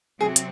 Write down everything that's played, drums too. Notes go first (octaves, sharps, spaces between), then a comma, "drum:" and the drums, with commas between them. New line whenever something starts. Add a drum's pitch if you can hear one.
C3 F#3 C4 F#4 G#4
drum: hi-hat